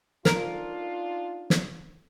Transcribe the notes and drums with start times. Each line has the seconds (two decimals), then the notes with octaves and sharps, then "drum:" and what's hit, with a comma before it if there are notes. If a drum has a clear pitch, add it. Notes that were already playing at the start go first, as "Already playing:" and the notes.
0.25 D4 D#4 F4 A#4, drum: snare
1.50 drum: snare